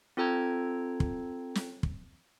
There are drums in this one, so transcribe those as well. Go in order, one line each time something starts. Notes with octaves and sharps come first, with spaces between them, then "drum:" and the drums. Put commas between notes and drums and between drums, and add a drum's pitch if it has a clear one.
C4 F4 A4 G5 A#5 G#6
drum: kick
drum: snare
drum: kick